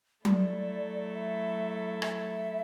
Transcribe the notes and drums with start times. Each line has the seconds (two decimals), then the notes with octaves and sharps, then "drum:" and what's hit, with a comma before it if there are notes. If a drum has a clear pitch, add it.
0.25 F#3 A3 E4 A4 D5, drum: tom F#3
1.14 E5
2.02 E5, drum: rim click